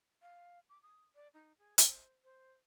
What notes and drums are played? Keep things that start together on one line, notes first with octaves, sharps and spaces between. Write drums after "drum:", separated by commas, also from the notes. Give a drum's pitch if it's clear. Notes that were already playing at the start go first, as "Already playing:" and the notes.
F5
D6
D#6
D5
D#4
G#4
C5, drum: hi-hat
C5